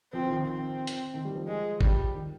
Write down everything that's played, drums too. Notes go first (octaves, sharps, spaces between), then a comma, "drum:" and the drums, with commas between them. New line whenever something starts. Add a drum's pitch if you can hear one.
F3 C4
F3
D#3
C4
drum: hi-hat
D#3
G3
F3
G#3
G3, drum: kick G1
D#3